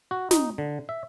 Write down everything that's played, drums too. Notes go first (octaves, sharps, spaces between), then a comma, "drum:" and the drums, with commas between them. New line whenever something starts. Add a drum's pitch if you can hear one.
F#4
D#4, drum: snare
D3
E5